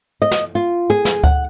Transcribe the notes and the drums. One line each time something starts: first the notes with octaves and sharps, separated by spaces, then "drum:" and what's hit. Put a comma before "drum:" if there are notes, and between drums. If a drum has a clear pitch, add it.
D#5
drum: snare
F4
G#4
drum: snare
F#5, drum: kick D2